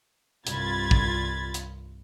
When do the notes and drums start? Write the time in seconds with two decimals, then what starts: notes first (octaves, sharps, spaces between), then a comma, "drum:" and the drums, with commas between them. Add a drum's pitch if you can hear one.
0.47 C2 G2 F4 B5 G#6 A6, drum: hi-hat
0.91 drum: kick
1.54 drum: hi-hat